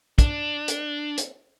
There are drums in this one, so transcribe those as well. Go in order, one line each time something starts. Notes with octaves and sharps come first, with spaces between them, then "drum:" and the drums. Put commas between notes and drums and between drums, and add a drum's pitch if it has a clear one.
D4, drum: kick, hi-hat
drum: hi-hat
drum: hi-hat